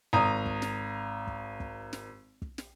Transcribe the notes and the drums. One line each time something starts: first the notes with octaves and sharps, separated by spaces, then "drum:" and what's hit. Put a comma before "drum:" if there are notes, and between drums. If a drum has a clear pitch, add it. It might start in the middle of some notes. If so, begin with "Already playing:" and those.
G#1 A#5 D#6
drum: kick
drum: snare
drum: kick
drum: kick
drum: snare
drum: kick
drum: snare